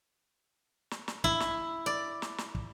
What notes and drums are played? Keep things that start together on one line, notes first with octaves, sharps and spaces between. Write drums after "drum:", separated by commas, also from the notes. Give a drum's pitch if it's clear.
drum: snare
drum: snare
E4, drum: kick
drum: snare
D5
drum: snare
drum: snare
drum: kick